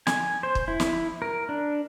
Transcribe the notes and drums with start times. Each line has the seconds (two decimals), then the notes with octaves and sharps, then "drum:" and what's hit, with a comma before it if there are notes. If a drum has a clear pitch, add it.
0.07 G#5, drum: snare
0.43 C5
0.55 drum: kick
0.68 E4
0.80 drum: snare
1.22 A#4
1.49 D4